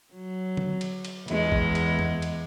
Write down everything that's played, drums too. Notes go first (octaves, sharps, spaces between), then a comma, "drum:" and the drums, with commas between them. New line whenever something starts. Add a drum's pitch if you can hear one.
F#3
drum: tom
drum: cymbal
drum: cymbal
E2 G#3, drum: cymbal
drum: kick A1
drum: cymbal
drum: tom F2
drum: cymbal